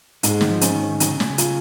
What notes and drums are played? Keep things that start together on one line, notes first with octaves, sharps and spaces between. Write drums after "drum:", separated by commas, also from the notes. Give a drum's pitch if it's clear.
G#2 G#3, drum: hi-hat
D#3, drum: snare
F3
C#4, drum: hi-hat
D#3
D#3 C#4, drum: hi-hat
C#3
A#2, drum: snare
C#3
F4, drum: hi-hat